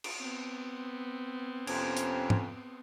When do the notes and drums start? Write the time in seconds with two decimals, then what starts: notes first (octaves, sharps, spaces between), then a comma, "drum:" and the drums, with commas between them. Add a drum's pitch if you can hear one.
0.04 drum: cymbal
0.20 B3 C4
1.67 F2 C3 C#4, drum: cymbal
1.97 drum: hi-hat
2.30 drum: tom G#2